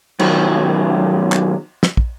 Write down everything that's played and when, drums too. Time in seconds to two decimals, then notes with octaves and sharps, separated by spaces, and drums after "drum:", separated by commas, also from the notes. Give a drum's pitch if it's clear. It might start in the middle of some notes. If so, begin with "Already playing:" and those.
0.20 B1 D#3 F3 F#3, drum: cymbal
1.32 drum: clap
1.83 drum: snare
1.97 drum: kick